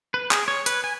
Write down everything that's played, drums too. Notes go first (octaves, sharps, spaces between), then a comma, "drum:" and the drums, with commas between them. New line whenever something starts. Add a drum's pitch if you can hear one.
B4
G#4, drum: clap
C#5
B4, drum: hi-hat
G#5